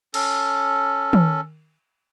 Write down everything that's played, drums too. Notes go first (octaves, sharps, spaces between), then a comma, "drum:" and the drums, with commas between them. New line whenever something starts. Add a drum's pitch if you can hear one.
C#4 A4, drum: cymbal
drum: tom